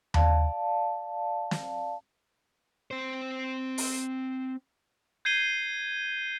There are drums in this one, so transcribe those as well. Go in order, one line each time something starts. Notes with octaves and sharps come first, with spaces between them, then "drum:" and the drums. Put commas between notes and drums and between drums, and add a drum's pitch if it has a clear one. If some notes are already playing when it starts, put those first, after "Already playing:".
D5 F5 A5, drum: tom D#2
drum: snare
C4 C5
drum: open hi-hat
G6 G#6 C7 D#7 G7